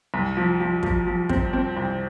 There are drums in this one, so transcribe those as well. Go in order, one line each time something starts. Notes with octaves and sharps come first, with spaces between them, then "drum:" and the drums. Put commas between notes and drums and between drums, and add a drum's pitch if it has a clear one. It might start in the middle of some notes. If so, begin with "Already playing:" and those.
C2
F3
F3
F3, drum: kick
F3
C4, drum: kick
C4
C2